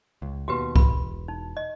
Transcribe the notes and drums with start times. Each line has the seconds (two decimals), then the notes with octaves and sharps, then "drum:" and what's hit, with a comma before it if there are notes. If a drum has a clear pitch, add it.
0.22 C#2
0.48 D#2 B2 F#4 G4 B4
0.76 E1 B5, drum: kick C2
1.28 D#4
1.57 D#5